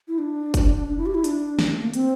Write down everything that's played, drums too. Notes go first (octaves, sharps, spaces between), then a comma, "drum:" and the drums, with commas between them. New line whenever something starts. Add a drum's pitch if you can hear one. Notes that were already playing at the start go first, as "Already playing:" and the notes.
E4
D4
drum: kick, hi-hat
D4
E4
G4
E4
D4, drum: hi-hat
drum: snare
A3
A#3
C4, drum: hi-hat